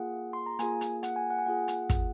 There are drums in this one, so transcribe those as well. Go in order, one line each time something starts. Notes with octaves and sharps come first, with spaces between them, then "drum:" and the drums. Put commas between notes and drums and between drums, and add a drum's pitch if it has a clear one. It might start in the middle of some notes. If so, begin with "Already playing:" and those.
Already playing: A#3 F4 G#4 F#5
C6
A#5
A#3 F4 G#4 G#5, drum: hi-hat
drum: hi-hat
F#5, drum: hi-hat
G#5
F#5
G#5
A#3 F4 G#4 F#5
drum: hi-hat
drum: kick, hi-hat